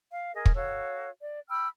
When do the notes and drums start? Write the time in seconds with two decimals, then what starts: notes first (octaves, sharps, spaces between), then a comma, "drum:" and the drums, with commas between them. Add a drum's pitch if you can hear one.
0.11 F5
0.33 G#4 A#4 D#5
0.46 drum: kick
0.55 F#4 A4 C#5 F5
1.22 D5
1.49 G5 B5 E6 F6